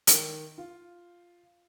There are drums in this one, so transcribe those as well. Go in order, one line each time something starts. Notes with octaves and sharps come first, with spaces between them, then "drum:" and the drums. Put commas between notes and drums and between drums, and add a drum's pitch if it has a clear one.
D#3, drum: hi-hat
F4